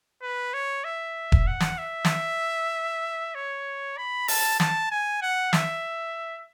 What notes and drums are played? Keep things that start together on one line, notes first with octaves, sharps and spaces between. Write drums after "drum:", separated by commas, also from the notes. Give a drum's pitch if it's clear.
B4
C#5
E5
drum: kick E1
F#5
drum: snare
E5
drum: snare
C#5
B5
A5, drum: open hi-hat
A5, drum: snare
G#5
F#5
E5, drum: snare